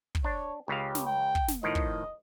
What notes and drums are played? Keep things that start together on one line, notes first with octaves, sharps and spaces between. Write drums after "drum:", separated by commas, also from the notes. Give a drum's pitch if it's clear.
drum: kick
D4 C#5
C#2 C#3 G4 F5
drum: snare
G5
drum: kick
drum: snare
A2 D#3 F3 D#5
drum: kick